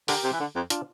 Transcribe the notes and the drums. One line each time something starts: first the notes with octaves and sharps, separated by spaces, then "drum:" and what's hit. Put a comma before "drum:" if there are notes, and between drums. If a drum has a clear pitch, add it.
D3 G4 A#4, drum: open hi-hat
C3
E3
D3
F2
D4 F4, drum: hi-hat